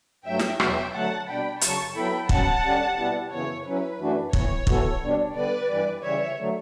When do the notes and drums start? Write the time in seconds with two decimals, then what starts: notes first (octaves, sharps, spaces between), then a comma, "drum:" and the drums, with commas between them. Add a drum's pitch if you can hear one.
0.26 G2 F#3 A3 E5 G5
0.39 drum: snare
0.60 E2 B2 F#3 B3 F#4 E5 G5, drum: rim click
0.94 D3 F#3 A3 F#5 A5
1.28 B2 G3 D4 G5 B5
1.61 F#2 C#3 F#3 A5 C#6, drum: hi-hat
1.96 F#3 B3 E4 A4 G5 B5
2.29 B2 F#3 C#4 F#5 A5, drum: kick
2.64 D3 G3 C#4 G4
2.98 B2 G3 B3 E4 G4
3.31 F#2 C#3 E3 B3 E4 C#5
3.65 F#3 C#4 E4 B4
4.00 F#2 E3 A3 D4 F#4
4.33 A2 E3 B3 C#5, drum: kick
4.67 E3 B3 F#4 A4, drum: kick
5.01 B2 G3 D4
5.35 D3 G3 B3 B4 D5
5.69 G2 E3 G3
6.03 C#3 E3 G3 C#5 E5
6.38 D3 F#3 A3